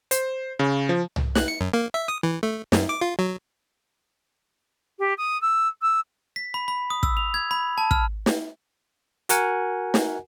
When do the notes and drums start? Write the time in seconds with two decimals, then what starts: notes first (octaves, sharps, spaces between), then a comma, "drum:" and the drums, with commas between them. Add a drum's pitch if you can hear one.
0.11 C5, drum: hi-hat
0.59 C#3
0.89 F3
1.16 drum: tom C2
1.35 F#6, drum: snare
1.48 C#7
1.61 F#2
1.73 A#3
1.94 E5
2.08 D#6
2.23 E3
2.43 A3
2.72 F#2, drum: snare
2.89 D6
3.01 F4
3.19 F#3
4.99 G4
5.17 D#6
5.41 E6
5.82 E6
6.36 B6
6.54 B5
6.68 B5
6.90 D#6
7.03 E6, drum: kick
7.17 F7
7.34 G#6
7.51 B5
7.78 A5
7.91 F6, drum: kick
8.26 drum: snare
9.29 F#4 A#4 F#5 G#5, drum: hi-hat
9.94 drum: snare